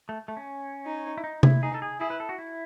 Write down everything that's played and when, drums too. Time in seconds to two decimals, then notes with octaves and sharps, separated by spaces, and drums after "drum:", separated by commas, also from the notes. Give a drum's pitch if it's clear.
0.09 A3
0.28 A3
0.37 C#4
0.86 D#4
1.18 E4
1.24 D#4
1.43 E4, drum: tom C3
1.62 D#4 G#4
1.74 A4
1.82 G#4
2.00 E4 G#4
2.10 B4
2.20 A4
2.29 F#4
2.38 E4